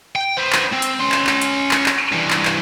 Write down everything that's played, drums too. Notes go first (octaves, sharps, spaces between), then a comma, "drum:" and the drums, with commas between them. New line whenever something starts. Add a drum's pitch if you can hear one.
G5
B3 C5
drum: clap
C4
drum: hi-hat
C#4 C6
drum: clap
drum: clap
drum: hi-hat
drum: clap
drum: clap
G2 E3
drum: clap
drum: clap